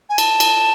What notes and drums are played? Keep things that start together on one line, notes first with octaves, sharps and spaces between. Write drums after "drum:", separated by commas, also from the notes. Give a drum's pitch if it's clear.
G#5
A5, drum: cymbal
drum: cymbal